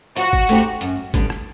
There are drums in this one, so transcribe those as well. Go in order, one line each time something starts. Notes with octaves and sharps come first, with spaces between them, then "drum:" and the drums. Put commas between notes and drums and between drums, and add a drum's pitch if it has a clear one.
F3 F#4, drum: hi-hat
drum: kick G1
A3 C4 D#4 G4, drum: hi-hat
F#2, drum: hi-hat
D3 G3 B3 D4, drum: kick G1, hi-hat
drum: rim click